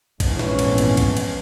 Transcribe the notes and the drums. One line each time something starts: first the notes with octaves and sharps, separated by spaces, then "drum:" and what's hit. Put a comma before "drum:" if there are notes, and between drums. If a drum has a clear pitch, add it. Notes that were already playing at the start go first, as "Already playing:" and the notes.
A#1 F2 G#2 E3 B3 C#4, drum: kick, cymbal
drum: snare
drum: cymbal
drum: cymbal
drum: kick, cymbal
drum: cymbal